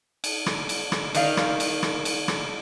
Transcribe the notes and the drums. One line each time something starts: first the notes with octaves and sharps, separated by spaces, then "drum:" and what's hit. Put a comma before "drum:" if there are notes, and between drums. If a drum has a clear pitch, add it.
drum: cymbal
drum: rim click
drum: cymbal
drum: rim click
D#3 D5 F5, drum: cymbal
drum: rim click
drum: cymbal
drum: rim click
drum: cymbal
drum: rim click